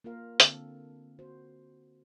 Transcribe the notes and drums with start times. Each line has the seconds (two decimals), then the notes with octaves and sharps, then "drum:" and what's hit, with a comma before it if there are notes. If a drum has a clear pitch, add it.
0.04 A#3 F4 A#4 F5
0.40 D3 C4 A4, drum: hi-hat
1.19 F#4 C5